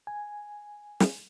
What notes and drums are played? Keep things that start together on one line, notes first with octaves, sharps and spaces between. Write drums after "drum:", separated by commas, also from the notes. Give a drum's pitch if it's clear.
G#5
drum: snare